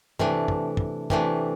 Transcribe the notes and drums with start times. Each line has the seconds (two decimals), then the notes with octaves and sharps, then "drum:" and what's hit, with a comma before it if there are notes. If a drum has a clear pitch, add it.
0.19 C3 E3 A3 D4, drum: tom G2
0.48 drum: kick
0.77 drum: kick
1.10 C3 E3 A3 D4, drum: kick